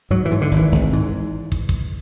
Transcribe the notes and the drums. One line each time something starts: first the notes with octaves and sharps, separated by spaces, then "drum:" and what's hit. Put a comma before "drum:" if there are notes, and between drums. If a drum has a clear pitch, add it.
G#2 F#3
E3
G#2
D3
G#1
E3
G#1
G#2
drum: kick
drum: kick